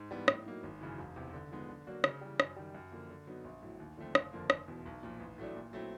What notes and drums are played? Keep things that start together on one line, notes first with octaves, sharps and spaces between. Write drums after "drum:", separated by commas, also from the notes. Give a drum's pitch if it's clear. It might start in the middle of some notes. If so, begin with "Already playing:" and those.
Already playing: G#2
E3 G3 B3
A2, drum: rim click
F#3 A#3 D#4
G#1
F#2 C#3 E3
E1
E2 C3
D3
F3 G#3 B3 D#4
D3
F#3 A#3 D4 F#4
C#3, drum: rim click
E3 G3
F#2, drum: rim click
D#3 G3
F#2
D3 F3 A#3
D3
F#3 B3 D#4
A#1
A2 F#3
D#2
D3 F3 A3 C4
F#1, drum: rim click
F2 D3 F3 A#3
F1, drum: rim click
E2 B2
B1
A#2 F3
A1
A2 F#3 A3 D4
A#2
F#3 A3 C4 E4